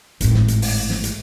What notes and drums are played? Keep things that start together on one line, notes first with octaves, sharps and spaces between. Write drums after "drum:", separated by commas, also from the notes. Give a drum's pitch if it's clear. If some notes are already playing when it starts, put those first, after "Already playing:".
G#1 A2, drum: hi-hat
drum: snare
drum: hi-hat
drum: open hi-hat
drum: snare
drum: hi-hat